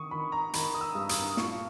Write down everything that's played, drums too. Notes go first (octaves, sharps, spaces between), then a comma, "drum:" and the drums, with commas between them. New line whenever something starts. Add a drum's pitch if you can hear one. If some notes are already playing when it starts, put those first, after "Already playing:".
Already playing: D#3 C#6 D#6
D#3 B5
A#5
D#3 B5, drum: hi-hat
D#6
E6
G2
D#6, drum: hi-hat
A#2 C#6, drum: snare